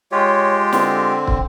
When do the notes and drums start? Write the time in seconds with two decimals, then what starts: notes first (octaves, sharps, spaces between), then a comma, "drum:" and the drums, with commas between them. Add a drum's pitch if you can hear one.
0.12 G#3 F4 G4 C#5
0.73 D3 C4, drum: snare
1.27 drum: kick